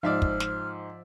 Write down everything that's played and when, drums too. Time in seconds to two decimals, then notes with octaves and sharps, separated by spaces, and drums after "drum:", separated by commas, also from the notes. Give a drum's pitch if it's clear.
0.03 G#2 F3 D5 E5 F5 F6
0.22 drum: kick
0.40 drum: snare